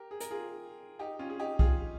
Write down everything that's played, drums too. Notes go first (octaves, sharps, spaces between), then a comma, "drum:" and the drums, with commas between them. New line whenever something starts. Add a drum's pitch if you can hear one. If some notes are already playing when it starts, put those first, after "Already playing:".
Already playing: G4 A#4
G#4
A#4, drum: hi-hat
F4 G#4
D#4 G4
C#4 F4
G#4
D#4 G4
F4 G#4, drum: kick